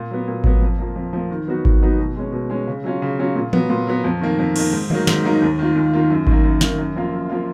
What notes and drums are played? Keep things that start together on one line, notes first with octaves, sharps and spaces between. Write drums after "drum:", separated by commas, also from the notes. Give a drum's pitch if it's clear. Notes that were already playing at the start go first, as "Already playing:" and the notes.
Already playing: A#2
F#3 B3
A#2
F#3 B3, drum: kick G#1
F2
F3 A#3
F2
F3 A#3
D#3
F#3 B3 D#4 F#4
D#3, drum: kick G#1
F#3 B3 D#4 F#4
B2
G#3 C#4
B2
G#3 C#4
C#3
F#3 C#4 F4
C#3
F#3 C#4 F4
A#2
F#3 B3, drum: tom E3
A#2
F#3 B3
F2
D#3 A#3
F2
D#3 A#3, drum: cymbal
G#2
D#3 F#3 A#3 D#4, drum: tom D3
G#2, drum: snare
D#3 F#3 A#3 D#4
D#2
D#3 A#3 F4
D#2
D#3 A#3 F4
F#2
D#3 A#3, drum: kick G#1
F#2
D#3 A#3, drum: snare
F#2
F3 A#3 F4
F#2
F3 A#3 F4